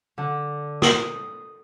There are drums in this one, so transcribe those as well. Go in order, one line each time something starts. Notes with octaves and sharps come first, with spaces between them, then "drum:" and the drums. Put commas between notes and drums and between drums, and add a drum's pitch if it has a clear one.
D3
D#6, drum: snare